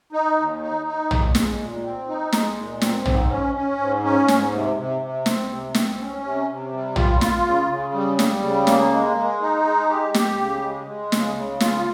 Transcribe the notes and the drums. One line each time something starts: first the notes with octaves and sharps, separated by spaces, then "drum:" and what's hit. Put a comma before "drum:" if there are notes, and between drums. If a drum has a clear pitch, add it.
D#4
D#2
D#4
D#4
D#2, drum: tom
G#3, drum: snare
A#2
C4
D#4
G#3, drum: snare
A#2
C4, drum: snare
G#2, drum: tom
C#4
C#4
G#2
C#4
G#2, drum: snare
C3
C3
C3
C4, drum: snare
C3
C4, drum: snare
C#4
C3
C3
G3
F4, drum: tom
F4, drum: snare
C#3
C#3
G3
G3, drum: snare
C#3
A#3, drum: snare
G#3
G#3
D#4
G#3
G4
G4, drum: snare
C#3
G#3
G#3
C#3, drum: snare
C#3
F4, drum: snare